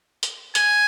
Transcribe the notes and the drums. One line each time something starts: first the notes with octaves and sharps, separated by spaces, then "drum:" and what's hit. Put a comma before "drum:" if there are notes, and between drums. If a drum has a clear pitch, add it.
drum: hi-hat
G#5, drum: hi-hat